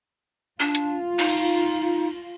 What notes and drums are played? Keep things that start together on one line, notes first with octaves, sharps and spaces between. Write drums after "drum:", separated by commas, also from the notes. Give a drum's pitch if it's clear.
D4 F4
drum: hi-hat
D#4, drum: cymbal